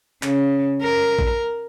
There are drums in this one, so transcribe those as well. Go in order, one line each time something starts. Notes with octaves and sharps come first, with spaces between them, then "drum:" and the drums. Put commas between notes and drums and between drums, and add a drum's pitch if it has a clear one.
C#3, drum: clap
A#4
drum: kick A1